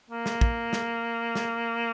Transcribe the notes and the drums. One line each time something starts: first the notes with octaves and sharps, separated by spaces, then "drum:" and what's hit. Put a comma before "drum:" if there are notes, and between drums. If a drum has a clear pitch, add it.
A#3
drum: snare
drum: kick
drum: snare
drum: snare